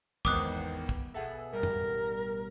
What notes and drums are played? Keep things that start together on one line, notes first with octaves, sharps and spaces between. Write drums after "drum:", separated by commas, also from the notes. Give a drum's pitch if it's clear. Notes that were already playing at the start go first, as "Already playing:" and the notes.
G#1 E2 D#3 B3 D6 D#6 F#6, drum: kick
drum: kick
B2 G#4 A4 E5 F#5
A1 B2 G3 A#4
drum: tom